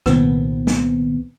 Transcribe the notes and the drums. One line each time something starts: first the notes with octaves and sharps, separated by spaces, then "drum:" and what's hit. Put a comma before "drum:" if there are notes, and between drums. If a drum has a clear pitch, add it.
C2 A#2 D#3 B3 C4, drum: rim click
drum: snare